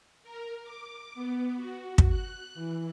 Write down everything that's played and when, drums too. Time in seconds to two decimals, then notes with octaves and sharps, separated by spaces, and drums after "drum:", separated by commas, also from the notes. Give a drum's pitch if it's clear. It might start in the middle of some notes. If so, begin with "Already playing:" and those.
0.23 A#4
0.63 D6
1.15 B3
1.56 F#4
1.98 drum: kick
2.09 F#6
2.55 E3